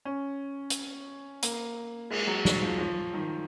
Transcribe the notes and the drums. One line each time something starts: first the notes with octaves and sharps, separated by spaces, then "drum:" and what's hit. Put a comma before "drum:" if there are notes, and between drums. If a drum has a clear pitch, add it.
C#4
drum: hi-hat
A#3, drum: hi-hat
G#3, drum: cymbal
F#3
F#3, drum: snare
F3
F3
D#3